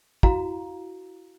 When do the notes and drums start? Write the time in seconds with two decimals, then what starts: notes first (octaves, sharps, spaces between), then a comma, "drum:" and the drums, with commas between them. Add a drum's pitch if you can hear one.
0.23 E4 F#4 F5 A#5, drum: kick